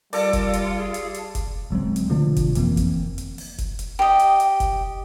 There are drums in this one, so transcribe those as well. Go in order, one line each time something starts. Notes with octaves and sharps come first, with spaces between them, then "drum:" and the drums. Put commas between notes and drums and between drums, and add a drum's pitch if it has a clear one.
G3 F4 A4 A#4 D5, drum: open hi-hat
drum: kick F1, hi-hat
drum: hi-hat
G#4
drum: hi-hat
drum: hi-hat
drum: kick F1, hi-hat
D1 F#3 G#3 C4
drum: hi-hat
B2 D3 F3 A3
drum: kick F1, hi-hat
F2 E3 A#3 C4, drum: hi-hat
drum: kick F1, hi-hat
drum: hi-hat
drum: open hi-hat
drum: kick F1, hi-hat
drum: hi-hat
G4 D#5
drum: hi-hat
drum: hi-hat
drum: kick F1, hi-hat